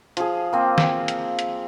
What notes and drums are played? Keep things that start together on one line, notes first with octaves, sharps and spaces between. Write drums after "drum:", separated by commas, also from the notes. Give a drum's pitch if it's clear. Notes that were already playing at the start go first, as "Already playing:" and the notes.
F3 G#4, drum: hi-hat
A#3 C4
drum: snare
drum: hi-hat
drum: hi-hat